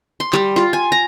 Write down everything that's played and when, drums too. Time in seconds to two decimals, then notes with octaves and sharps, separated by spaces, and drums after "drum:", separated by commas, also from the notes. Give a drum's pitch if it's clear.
0.20 C6
0.33 G3, drum: clap
0.56 F4, drum: snare
0.73 G#5
0.92 A#5